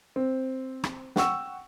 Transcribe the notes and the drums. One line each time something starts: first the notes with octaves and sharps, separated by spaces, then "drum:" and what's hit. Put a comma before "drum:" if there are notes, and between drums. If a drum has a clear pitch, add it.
C4
drum: rim click
F#5 G5 C#6 E6, drum: snare